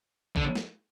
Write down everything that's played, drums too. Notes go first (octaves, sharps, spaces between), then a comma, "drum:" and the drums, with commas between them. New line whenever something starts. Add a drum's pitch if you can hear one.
D3, drum: kick A1
drum: snare